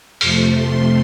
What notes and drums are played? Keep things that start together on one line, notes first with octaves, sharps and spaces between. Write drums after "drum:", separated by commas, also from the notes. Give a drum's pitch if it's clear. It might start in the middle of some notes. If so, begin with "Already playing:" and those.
F2 C3 F3 A3, drum: open hi-hat
C6